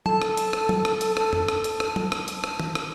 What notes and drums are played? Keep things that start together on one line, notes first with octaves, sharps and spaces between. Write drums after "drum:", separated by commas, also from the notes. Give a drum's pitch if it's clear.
A4 A5, drum: tom
drum: rim click
drum: hi-hat
drum: rim click
drum: tom
drum: rim click
drum: hi-hat
drum: rim click
drum: tom
drum: rim click
drum: hi-hat
drum: rim click
drum: tom
drum: rim click
drum: hi-hat
drum: rim click
drum: tom
drum: rim click